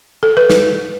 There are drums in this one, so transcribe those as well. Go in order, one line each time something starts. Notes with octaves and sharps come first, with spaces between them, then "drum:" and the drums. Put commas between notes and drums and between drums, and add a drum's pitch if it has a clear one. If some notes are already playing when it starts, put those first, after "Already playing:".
A4
B4
drum: snare